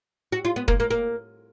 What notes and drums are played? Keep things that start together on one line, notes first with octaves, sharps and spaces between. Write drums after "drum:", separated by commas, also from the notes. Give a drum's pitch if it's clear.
F#4
F4
B3
A#3, drum: kick
A#3
A#3